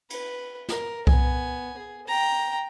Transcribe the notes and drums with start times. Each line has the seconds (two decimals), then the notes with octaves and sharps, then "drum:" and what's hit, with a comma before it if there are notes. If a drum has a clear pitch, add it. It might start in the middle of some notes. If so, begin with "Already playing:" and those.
0.10 B4, drum: cymbal
0.69 A#4, drum: snare
1.07 B3 G#5, drum: kick C2
1.77 G#4
2.07 G5 A#5